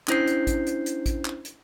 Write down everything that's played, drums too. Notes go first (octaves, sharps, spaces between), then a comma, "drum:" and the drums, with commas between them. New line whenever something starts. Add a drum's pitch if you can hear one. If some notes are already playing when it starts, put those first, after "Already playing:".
C#4 D4 E4 C5 G6 C7, drum: clap
drum: hi-hat
drum: kick A1, hi-hat
drum: hi-hat
drum: hi-hat
drum: kick A1, hi-hat
drum: clap
drum: hi-hat